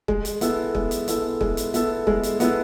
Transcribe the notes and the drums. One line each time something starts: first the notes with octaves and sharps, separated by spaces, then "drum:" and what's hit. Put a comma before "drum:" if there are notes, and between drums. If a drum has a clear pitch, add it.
G#3, drum: kick
drum: hi-hat
B3 E4 A4, drum: hi-hat
G#3, drum: kick
drum: hi-hat
B3 E4 A4, drum: hi-hat
G#3, drum: kick
drum: hi-hat
B3 E4 A4, drum: hi-hat
G#3, drum: kick
drum: hi-hat
B3 E4 A4, drum: hi-hat